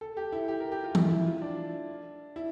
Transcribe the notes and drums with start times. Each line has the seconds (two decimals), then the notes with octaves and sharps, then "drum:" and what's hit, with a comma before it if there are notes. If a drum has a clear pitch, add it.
0.01 A4
0.17 G4
0.32 E4
0.48 G4
0.60 A#4
0.72 G4
0.84 F4
0.95 E4, drum: tom E3
1.11 E4
1.26 F4
1.42 D4
2.36 E4